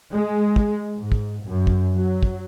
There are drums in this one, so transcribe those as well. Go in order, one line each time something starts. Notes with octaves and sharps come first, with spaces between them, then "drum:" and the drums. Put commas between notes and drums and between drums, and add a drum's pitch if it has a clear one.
G#3
drum: kick
G#2
drum: kick
F#2
drum: kick
F#3
drum: kick